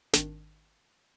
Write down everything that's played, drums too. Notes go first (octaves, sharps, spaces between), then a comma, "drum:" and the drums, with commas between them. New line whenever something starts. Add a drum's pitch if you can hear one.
G#1 D#3 D4, drum: snare